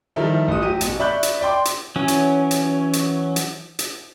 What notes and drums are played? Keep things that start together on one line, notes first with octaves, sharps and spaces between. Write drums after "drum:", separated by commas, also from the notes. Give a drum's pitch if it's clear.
D#3 F3 G3 E4 A4 A#4
A1 D#6
F#3 G4 D#7
A1 B2, drum: hi-hat
D5 E5 B5 C#6 F#6 G6
drum: hi-hat
D5 G5 C6 D6
drum: hi-hat
E3 F#3 C#4
drum: hi-hat
drum: hi-hat
drum: hi-hat
drum: hi-hat
drum: hi-hat